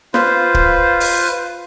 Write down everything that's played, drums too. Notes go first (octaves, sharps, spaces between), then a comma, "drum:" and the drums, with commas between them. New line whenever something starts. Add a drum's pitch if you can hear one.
F4 B4 C5, drum: snare
drum: kick
drum: open hi-hat